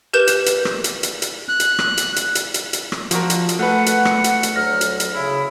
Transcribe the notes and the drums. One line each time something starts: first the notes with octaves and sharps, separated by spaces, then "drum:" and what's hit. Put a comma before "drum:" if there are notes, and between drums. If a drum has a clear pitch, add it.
G4 A#4 B4 G6 E7
drum: hi-hat
drum: hi-hat
drum: rim click
drum: hi-hat
drum: hi-hat
drum: hi-hat
F#6
drum: hi-hat
drum: rim click
drum: hi-hat
drum: hi-hat
drum: hi-hat
drum: hi-hat
drum: hi-hat
drum: rim click
F3 F#4 A#4, drum: hi-hat
drum: hi-hat
drum: hi-hat
A3 B4 F#5
drum: hi-hat
drum: rim click
drum: hi-hat
drum: hi-hat
D2 F#3 F6 A#6
drum: hi-hat
drum: hi-hat
C#3 E4